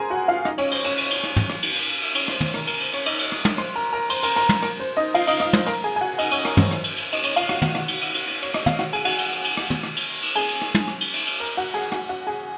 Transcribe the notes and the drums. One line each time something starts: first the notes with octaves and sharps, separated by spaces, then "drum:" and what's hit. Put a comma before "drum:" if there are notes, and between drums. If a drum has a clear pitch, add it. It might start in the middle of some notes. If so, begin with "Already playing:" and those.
Already playing: G#4 A#4 C5 G#5 A#5 C6
F#4 F#5
F4 F5
D#4 D#5, drum: rim click
C#4 C#5, drum: cymbal
C5, drum: cymbal
C#4 C#5, drum: cymbal
drum: cymbal
drum: cymbal
drum: rim click
drum: tom
drum: rim click
drum: cymbal
drum: cymbal
drum: cymbal
drum: cymbal
C#4 C#5, drum: cymbal
C5, drum: rim click
C5, drum: tom
A#4, drum: rim click
A#4, drum: cymbal
C5, drum: cymbal
C#4 C#5, drum: cymbal
D#4 D#5, drum: cymbal
drum: cymbal
drum: rim click
drum: tom
C5 C6, drum: rim click
A#4 A#5
A#4 A#5
C5 C6, drum: cymbal
A#4 A#5, drum: cymbal
A#4 A#5, drum: rim click
drum: tom
A#4, drum: rim click
C5
D#4 D#5
F4 F5, drum: cymbal
D#4 D#5, drum: cymbal
D#4 D#5, drum: rim click
C5, drum: tom
A#4 A#5, drum: rim click
G#4 G#5
G#5
F#4 F#5
D#4 D#5, drum: cymbal
C#4 C#5, drum: cymbal
A#4, drum: rim click
C5, drum: tom
C5, drum: rim click
drum: cymbal
drum: cymbal
D#5, drum: cymbal
C#4 C#5, drum: cymbal
F4 F5, drum: cymbal
F#4 F#5, drum: rim click
F#4 F#5, drum: tom
drum: rim click
drum: cymbal
drum: cymbal
drum: cymbal
drum: cymbal
C#5, drum: cymbal
D#5, drum: rim click
F5, drum: tom
F#4 F#5, drum: rim click
G#4 G#5, drum: cymbal
F#4 F#5, drum: cymbal
drum: cymbal
drum: cymbal
drum: cymbal
drum: rim click
drum: tom
drum: rim click
drum: cymbal
drum: cymbal
drum: cymbal
G#4 G#5, drum: cymbal
drum: cymbal
drum: rim click
drum: tom
drum: rim click
drum: cymbal
drum: cymbal
drum: cymbal
A#4
F#4 F#5
G#4 G#5
F#4 F#5, drum: rim click
F#4 F#5
G#4 G#5